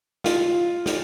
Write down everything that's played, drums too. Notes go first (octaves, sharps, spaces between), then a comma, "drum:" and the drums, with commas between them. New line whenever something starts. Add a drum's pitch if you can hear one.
F4, drum: snare
drum: snare